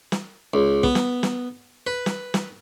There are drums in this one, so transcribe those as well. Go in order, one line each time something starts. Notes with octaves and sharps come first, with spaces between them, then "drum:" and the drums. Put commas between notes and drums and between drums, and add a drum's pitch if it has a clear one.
drum: snare
C#2
B3, drum: kick
drum: snare
drum: snare
B4
drum: snare
drum: snare